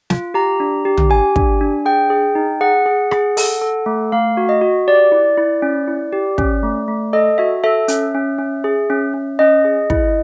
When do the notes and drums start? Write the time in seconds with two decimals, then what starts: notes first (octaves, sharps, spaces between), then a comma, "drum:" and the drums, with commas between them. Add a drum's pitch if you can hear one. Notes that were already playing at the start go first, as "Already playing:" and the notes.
0.10 F4, drum: snare
0.34 G4 A#5
0.60 D4
0.85 G4
0.98 drum: tom
1.10 G4 G#5
1.36 D4, drum: kick
1.61 D4
1.85 G#4 G5
2.10 G#4
2.35 D#4
2.61 G#4 F#5
2.86 G#4
3.11 G#4, drum: rim click
3.37 A4, drum: open hi-hat
3.62 A4
3.86 A3
4.12 A3 F5
4.37 F#4
4.49 D#5
4.61 F#4
4.88 G4 D5
5.12 E4
5.37 E4
5.62 C#4
5.88 E4
6.13 G4
6.38 C#4, drum: kick
6.63 A3
6.88 A3
7.13 A4 D#5
7.38 F#4 E5
7.64 A4 E5
7.88 C#4, drum: hi-hat
8.15 C#4
8.38 C#4
8.64 G#4
8.90 C#4
9.14 C#4
9.39 C#4 D#5
9.65 G#4
9.90 E4, drum: kick